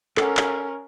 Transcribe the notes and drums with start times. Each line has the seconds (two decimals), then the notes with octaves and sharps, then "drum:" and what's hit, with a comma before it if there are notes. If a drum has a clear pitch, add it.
0.17 C#4 A4 A#4 F#5, drum: clap
0.37 drum: clap